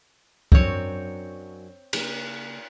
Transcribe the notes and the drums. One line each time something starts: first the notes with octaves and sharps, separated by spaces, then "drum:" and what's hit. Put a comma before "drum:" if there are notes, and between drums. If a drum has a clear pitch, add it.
F#2 F#3 C4 D4 C#5, drum: kick
C#3 A#3, drum: cymbal